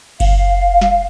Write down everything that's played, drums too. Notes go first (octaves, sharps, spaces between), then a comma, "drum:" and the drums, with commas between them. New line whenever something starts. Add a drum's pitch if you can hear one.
F5, drum: kick F#1, cymbal
drum: snare